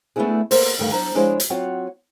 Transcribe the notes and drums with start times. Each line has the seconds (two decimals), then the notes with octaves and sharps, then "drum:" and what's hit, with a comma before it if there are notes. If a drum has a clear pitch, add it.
0.16 A3 B3 C4 D4 E4 G#4
0.51 A#3 B3 C5, drum: open hi-hat
0.78 D2 G2 D3 D#3 A3 F5
0.92 F#3 D4 C5 A#5
1.15 F3 G#3 D4 E4 C5 C#5
1.40 drum: hi-hat
1.50 F#3 C4 F4 F#4 C#5 F#5